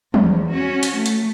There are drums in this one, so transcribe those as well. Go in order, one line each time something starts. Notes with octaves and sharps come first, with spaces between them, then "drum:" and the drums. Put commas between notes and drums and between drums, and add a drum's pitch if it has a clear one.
E2, drum: tom F3
C#4 F#4
drum: hi-hat
A3
drum: hi-hat